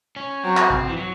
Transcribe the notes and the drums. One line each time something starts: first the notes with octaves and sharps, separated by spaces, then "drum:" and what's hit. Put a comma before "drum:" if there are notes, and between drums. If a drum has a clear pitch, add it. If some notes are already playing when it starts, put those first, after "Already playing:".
C#4
F#3 C4
drum: clap
drum: kick
E3
F#3